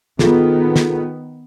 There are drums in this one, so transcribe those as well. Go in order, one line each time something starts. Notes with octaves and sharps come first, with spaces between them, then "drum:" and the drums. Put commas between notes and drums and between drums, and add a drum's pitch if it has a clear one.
D#3 B3 F4 G#4 A4, drum: snare
drum: snare